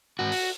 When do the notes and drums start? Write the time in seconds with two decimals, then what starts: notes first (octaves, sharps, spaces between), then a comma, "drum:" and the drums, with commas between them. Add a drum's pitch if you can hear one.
0.19 G#2 F#4
0.32 drum: open hi-hat